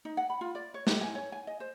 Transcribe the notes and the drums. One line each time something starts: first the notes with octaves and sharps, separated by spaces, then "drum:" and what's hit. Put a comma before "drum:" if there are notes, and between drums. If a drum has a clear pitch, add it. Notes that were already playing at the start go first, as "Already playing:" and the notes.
D#4
F#5
B5
F4
D5
C#5
G4, drum: snare
G#5
C#5
G#5
D#5
C5